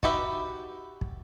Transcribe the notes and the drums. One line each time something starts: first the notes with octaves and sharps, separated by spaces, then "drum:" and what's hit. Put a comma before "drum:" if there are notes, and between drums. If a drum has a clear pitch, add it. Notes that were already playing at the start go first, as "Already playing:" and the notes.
D#4 F#4 G4 B4 E5, drum: kick
drum: kick